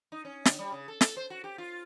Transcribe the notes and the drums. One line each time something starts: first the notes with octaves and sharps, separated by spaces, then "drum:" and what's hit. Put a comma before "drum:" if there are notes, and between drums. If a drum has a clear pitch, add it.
D#4
C#4
D3, drum: snare
G3
C#3
A4
A4, drum: snare
C5
F#4
G4
F4